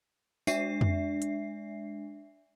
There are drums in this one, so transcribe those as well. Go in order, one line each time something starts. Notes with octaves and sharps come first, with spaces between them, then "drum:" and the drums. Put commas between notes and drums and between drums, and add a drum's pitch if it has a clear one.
G#3 D4 E5 C7, drum: tambourine
drum: tom F2
drum: hi-hat